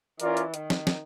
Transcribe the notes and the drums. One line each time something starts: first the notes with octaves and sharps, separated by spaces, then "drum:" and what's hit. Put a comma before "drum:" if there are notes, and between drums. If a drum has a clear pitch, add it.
E3 C#4 F4 A#4 D5, drum: hi-hat
drum: hi-hat
D#3, drum: hi-hat
drum: snare
drum: snare